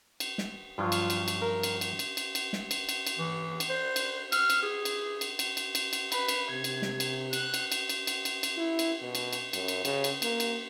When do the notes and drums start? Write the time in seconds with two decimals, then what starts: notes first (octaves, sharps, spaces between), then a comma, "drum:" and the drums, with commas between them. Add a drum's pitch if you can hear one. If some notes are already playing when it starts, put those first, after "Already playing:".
0.20 drum: cymbal
0.38 drum: snare
0.78 G2 F3 F#3 F4
0.92 drum: cymbal
1.10 drum: cymbal
1.28 drum: cymbal
1.42 A#4
1.63 drum: cymbal
1.81 drum: cymbal
1.99 drum: cymbal
2.17 drum: cymbal
2.35 drum: cymbal
2.53 drum: snare
2.71 drum: cymbal
2.89 drum: cymbal
3.07 drum: cymbal
3.18 E3
3.60 drum: cymbal
3.70 C5
3.96 drum: cymbal
4.32 F6, drum: cymbal
4.50 drum: cymbal
4.63 G#4
4.85 drum: cymbal
5.21 drum: cymbal
5.39 drum: cymbal
5.57 drum: cymbal
5.75 drum: cymbal
5.93 drum: cymbal
6.12 B4, drum: cymbal
6.28 drum: cymbal
6.50 C3 G#6
6.64 drum: cymbal
6.82 drum: snare
7.00 drum: cymbal
7.33 F#6, drum: cymbal
7.54 drum: cymbal
7.72 drum: cymbal
7.89 drum: cymbal
8.07 drum: cymbal
8.25 drum: cymbal
8.43 drum: cymbal
8.57 E4
8.79 drum: cymbal
9.02 B2
9.15 drum: cymbal
9.33 drum: cymbal
9.53 F#2, drum: cymbal
9.68 drum: cymbal
9.85 C#3, drum: cymbal
10.04 drum: cymbal
10.22 A#3, drum: cymbal
10.40 drum: cymbal